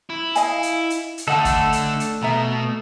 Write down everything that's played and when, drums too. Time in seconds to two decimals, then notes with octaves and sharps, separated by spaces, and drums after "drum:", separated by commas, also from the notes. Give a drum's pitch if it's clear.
0.10 E4
0.35 D#5 F5 G#5, drum: hi-hat
0.63 drum: hi-hat
0.90 drum: hi-hat
1.18 drum: hi-hat
1.28 D3 A3 A4 D#5 F#5 A5
1.45 drum: kick, hi-hat
1.73 drum: hi-hat
2.00 drum: hi-hat
2.23 B2 E5 A#5